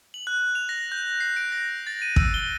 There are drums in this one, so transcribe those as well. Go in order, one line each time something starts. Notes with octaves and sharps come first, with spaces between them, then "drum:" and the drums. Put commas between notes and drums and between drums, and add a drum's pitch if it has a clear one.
F#7
F#6
F7
A#6
G6
C7
D7
A#6
A6
D#7
E6, drum: kick
G7